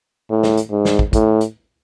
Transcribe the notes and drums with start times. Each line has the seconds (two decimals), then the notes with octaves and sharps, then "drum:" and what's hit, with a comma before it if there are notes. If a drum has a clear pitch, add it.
0.30 A2
0.43 drum: snare
0.57 drum: hi-hat
0.71 G#2
0.85 drum: snare
0.99 drum: kick
1.13 A2, drum: kick, hi-hat
1.41 drum: hi-hat